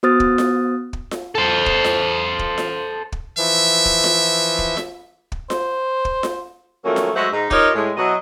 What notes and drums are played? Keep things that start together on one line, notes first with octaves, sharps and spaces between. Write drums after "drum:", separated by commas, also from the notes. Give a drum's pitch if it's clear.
B3 F#4 C5 D#6 F6 A6
drum: kick
drum: snare F4
drum: kick
drum: snare F4
A4 C5
drum: kick
drum: snare F4
drum: kick
drum: snare F4
drum: kick
E3 F3 E5
drum: kick
drum: snare F4
drum: kick
drum: snare F4
drum: kick
C5, drum: snare F4
drum: kick
drum: snare F4
D#3 F3 F#3 A3 A#3 C#4
drum: snare F4
F#3 G#3 A3 F#4 C5 E5
G#2 D#4
D#4 F4 G4 A#4 C#5 D#5, drum: kick
A2 G#3
B2 F#3 E4 F#4 D#5